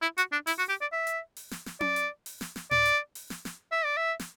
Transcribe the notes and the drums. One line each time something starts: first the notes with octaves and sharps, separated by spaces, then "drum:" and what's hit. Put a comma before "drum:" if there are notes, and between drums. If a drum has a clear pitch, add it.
E4
F#4, drum: hi-hat
D4
E4, drum: open hi-hat
F#4
G4
D5
E5
drum: hi-hat
drum: open hi-hat
drum: snare
drum: snare
D5, drum: tom C#4
drum: hi-hat
drum: open hi-hat
drum: snare
drum: snare
D5, drum: tom A2
drum: hi-hat
drum: open hi-hat
drum: snare
drum: snare
E5
D5
E5
drum: snare